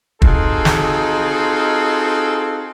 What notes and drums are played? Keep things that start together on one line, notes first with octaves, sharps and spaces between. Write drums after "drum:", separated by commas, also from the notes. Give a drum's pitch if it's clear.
C4 D#4 F4 F#4 G#4 A4, drum: kick
drum: snare